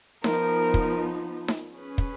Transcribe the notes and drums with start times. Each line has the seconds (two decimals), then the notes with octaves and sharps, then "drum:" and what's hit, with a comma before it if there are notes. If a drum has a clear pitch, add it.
0.24 F3 B3 D#4 A#4, drum: snare D#4
0.74 drum: kick
1.48 drum: snare D#4
1.74 C#4 G#4 B4
1.98 drum: kick